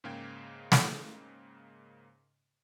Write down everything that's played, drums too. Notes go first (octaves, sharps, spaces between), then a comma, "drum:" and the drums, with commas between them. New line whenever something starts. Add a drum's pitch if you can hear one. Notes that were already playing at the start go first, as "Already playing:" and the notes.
G#2 C#3 A#3 F5 G5 G#6
drum: snare